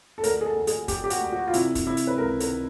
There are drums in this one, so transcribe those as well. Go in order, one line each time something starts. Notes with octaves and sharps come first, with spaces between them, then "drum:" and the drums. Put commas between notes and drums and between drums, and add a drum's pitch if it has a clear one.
A4
D2 A#4, drum: hi-hat
G#4
A4
D2
G#4, drum: hi-hat
D2 G4, drum: kick, hi-hat
G4
F#4, drum: hi-hat
D2
F#4
F4
C3 E4, drum: hi-hat
drum: kick, hi-hat
C3 E4
drum: hi-hat
B4
C#2 A#4
A#4, drum: hi-hat
D#3